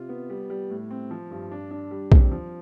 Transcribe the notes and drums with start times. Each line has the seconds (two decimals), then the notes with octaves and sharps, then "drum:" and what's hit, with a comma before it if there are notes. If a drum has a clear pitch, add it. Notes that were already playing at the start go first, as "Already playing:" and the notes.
Already playing: C3 F4
0.09 B3
0.30 G3
0.50 G3
0.70 A2
0.91 C4
1.11 F3
1.31 G2
1.52 D4
1.71 D4
1.91 G3
2.12 C4, drum: kick A#1
2.31 F3